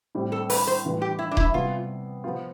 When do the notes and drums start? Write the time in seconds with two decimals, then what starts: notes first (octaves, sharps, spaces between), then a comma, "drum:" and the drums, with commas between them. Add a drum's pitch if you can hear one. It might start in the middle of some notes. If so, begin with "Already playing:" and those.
0.15 A2 G3 C4 G4
0.32 A4
0.50 B4, drum: open hi-hat
0.67 C5
0.85 A2 E3 G3
1.02 G4
1.19 E4
1.31 D4
1.37 E4, drum: kick D#1
1.54 C3 G3 B3 F4
2.24 F3 B3 F4